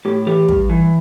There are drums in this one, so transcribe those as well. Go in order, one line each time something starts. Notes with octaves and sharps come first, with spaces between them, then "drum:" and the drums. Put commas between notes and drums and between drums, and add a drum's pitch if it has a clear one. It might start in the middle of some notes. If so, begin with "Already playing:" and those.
A2 G4
E3 G4
G2, drum: kick
E3